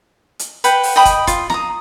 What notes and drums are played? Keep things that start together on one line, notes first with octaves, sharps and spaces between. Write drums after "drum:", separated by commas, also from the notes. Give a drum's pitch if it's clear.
drum: hi-hat
B4 F#5 G5, drum: hi-hat
drum: open hi-hat
D#5 G5 B5 D#6
drum: kick, hi-hat
F4, drum: kick, hi-hat
A#5 D#6, drum: snare